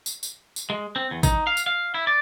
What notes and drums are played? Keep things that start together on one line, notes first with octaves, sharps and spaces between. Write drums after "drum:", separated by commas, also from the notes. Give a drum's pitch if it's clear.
drum: tambourine
drum: tambourine
drum: tambourine
G#3
C4
E2
D#4, drum: kick A1, tambourine
F5
drum: tambourine
F5
E4
D5